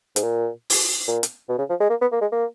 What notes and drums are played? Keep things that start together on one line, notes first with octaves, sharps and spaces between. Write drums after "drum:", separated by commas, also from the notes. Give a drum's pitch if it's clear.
G#2, drum: hi-hat
A#2
drum: open hi-hat
A#2
drum: hi-hat
B2
C#3
F3
G#3
A#3
B3
A#3
G#3
A#3